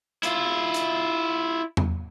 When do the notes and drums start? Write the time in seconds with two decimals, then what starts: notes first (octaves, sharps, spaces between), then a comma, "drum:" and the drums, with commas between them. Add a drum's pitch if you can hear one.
0.23 E4 F4, drum: hi-hat
0.74 drum: hi-hat
1.77 drum: tom E2